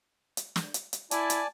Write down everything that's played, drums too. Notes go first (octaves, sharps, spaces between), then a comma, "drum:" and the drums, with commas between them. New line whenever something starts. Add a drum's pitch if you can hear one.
drum: hi-hat
drum: snare
drum: hi-hat
drum: hi-hat
E4 D5 G#5 A5, drum: hi-hat
drum: hi-hat